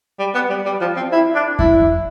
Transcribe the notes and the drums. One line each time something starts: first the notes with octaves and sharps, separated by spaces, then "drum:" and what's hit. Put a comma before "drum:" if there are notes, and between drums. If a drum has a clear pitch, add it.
G3
B3
G3
G3
F3
C4
E4
D4
E4, drum: kick F2